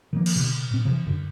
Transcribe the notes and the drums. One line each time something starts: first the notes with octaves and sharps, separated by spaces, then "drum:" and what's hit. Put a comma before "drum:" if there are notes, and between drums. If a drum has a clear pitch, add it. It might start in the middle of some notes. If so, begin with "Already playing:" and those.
D#3 F3 A#3
drum: cymbal
B2 D3
A#2 C4
C3 E3
F#2 D3